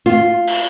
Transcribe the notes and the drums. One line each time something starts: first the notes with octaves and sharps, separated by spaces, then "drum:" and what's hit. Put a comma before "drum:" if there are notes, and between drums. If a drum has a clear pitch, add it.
F4
drum: cymbal